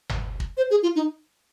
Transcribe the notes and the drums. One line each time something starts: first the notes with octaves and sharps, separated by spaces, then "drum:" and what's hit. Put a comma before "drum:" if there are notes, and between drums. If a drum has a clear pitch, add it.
drum: tom G1
drum: kick
C5
G#4
F4
D#4